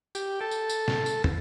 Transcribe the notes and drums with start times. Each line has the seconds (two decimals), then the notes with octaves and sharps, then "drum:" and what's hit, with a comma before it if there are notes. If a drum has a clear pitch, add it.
0.15 G4, drum: tambourine
0.41 A4
0.51 drum: tambourine
0.70 drum: tambourine
0.88 drum: snare
1.06 drum: tambourine
1.24 drum: tom